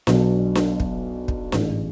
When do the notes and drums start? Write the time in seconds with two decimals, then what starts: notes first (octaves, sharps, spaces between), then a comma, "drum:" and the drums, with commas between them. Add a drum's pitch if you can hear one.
0.07 B1 B2 F#3 B3 D4, drum: snare D4
0.55 drum: snare D4
0.80 drum: kick
1.28 drum: kick
1.52 A1 G#2 G#3, drum: snare D4